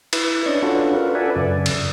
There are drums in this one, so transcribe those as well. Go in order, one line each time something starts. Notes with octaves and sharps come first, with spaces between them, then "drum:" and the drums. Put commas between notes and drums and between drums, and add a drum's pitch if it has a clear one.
E4 B4, drum: cymbal
C#4 D4 D5 D#5 C#6
C#4 D4 F4 F#4 A4 B4
F4 A#4 B4
A4 B4 D5 E5 F#5 G#5
F#2 C#3 D5
drum: cymbal